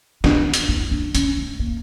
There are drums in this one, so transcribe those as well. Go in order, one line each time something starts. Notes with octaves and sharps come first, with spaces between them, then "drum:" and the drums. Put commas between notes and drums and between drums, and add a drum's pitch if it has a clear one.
D4, drum: snare
drum: hi-hat
E4
D4
C#4, drum: hi-hat
A3
A#3